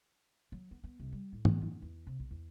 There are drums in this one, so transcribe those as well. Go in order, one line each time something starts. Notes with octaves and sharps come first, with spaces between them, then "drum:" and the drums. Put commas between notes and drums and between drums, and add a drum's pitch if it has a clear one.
F#3
B3
B3
C2
G3
A2
E3, drum: tom
F#2
E2
C3
B1
E2